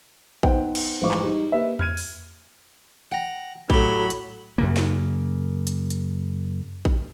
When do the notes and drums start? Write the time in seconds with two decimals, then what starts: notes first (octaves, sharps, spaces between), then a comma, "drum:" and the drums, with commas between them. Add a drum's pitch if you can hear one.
0.43 B3 D#4 C5 F#5 G5, drum: kick
0.75 drum: cymbal
1.02 A1 F2 G#2 F5 C#6 D6
1.11 drum: clap
1.23 G3 D#4
1.52 A#3 G4 B4 D#5 E5
1.79 F6 G#6 D#7, drum: tom E2
1.97 drum: open hi-hat
3.12 F#5 G5 A#5
3.70 A2 F#3 G4 A4 B5, drum: kick
4.10 drum: hi-hat
4.58 F#2 C#3 A#3
4.77 drum: snare
5.67 drum: hi-hat
5.90 drum: hi-hat
6.85 drum: kick